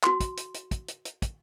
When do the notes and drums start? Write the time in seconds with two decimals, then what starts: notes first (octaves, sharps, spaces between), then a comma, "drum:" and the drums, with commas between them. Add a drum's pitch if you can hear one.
0.03 F#4 C6, drum: clap
0.20 drum: kick, hi-hat
0.37 drum: hi-hat
0.54 drum: hi-hat
0.71 drum: kick, hi-hat
0.88 drum: hi-hat
1.05 drum: hi-hat
1.22 drum: kick, hi-hat